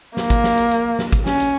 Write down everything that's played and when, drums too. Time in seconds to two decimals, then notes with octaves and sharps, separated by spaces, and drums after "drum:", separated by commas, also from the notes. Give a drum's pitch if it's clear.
0.17 A#3, drum: snare
0.30 drum: kick, hi-hat
0.44 drum: snare
0.58 drum: hi-hat
0.71 drum: hi-hat
0.99 drum: snare
1.12 drum: kick, hi-hat
1.26 C#4, drum: snare
1.40 drum: hi-hat